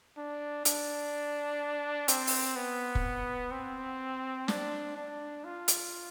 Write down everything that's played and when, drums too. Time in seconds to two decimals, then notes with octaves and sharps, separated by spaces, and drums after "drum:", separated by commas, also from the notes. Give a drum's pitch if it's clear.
0.17 D4
0.65 D4, drum: hi-hat
2.08 C4, drum: hi-hat
2.27 drum: open hi-hat
2.56 B3
2.95 drum: kick
3.52 C4
4.48 D4, drum: snare
4.96 D4
5.45 F4
5.68 drum: hi-hat